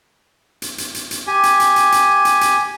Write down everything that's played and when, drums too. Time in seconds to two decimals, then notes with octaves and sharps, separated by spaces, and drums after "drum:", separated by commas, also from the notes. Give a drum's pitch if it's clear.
0.62 drum: hi-hat
0.78 drum: hi-hat
0.94 drum: hi-hat
1.11 drum: hi-hat
1.27 G4 G#5
1.43 drum: hi-hat
1.60 drum: hi-hat
1.76 drum: hi-hat
1.92 drum: hi-hat
2.25 drum: hi-hat
2.41 drum: hi-hat